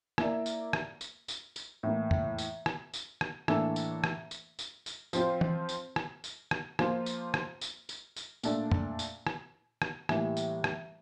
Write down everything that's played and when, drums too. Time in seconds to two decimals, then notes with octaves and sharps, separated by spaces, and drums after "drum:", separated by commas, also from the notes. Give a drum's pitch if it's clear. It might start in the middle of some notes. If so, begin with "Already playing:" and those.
0.18 A#3 E4 A#4 D5, drum: rim click
0.46 drum: tambourine
0.73 drum: rim click
1.01 drum: tambourine
1.28 drum: tambourine
1.56 drum: tambourine
1.83 A2 E3 A#3
2.11 drum: tom F2
2.38 drum: tambourine
2.66 drum: rim click
2.94 drum: tambourine
3.21 drum: rim click
3.48 A2 E3 A#3 D4 A4, drum: rim click
3.76 drum: tambourine
4.04 drum: rim click
4.31 drum: tambourine
4.59 drum: tambourine
4.86 drum: tambourine
5.13 F3 C4 F4 C5, drum: tambourine
5.41 drum: tom E3
5.69 drum: tambourine
5.96 drum: rim click
6.24 drum: tambourine
6.51 drum: rim click
6.79 F3 A#3 F4 C5, drum: rim click
7.06 drum: tambourine
7.34 drum: rim click
7.61 drum: tambourine
7.89 drum: tambourine
8.16 drum: tambourine
8.43 A#2 A3 D4 A4 D5, drum: tambourine
8.71 drum: tom F2
8.99 drum: tambourine
9.27 drum: rim click
9.82 drum: rim click
10.09 A2 E3 G3 A#3, drum: rim click
10.37 drum: tambourine
10.64 drum: rim click